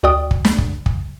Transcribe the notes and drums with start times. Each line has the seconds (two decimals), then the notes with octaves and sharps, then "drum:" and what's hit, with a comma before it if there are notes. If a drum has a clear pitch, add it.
0.03 D2 F#4 D5 G5 D#6
0.31 drum: kick
0.45 drum: snare
0.58 drum: kick
0.86 drum: kick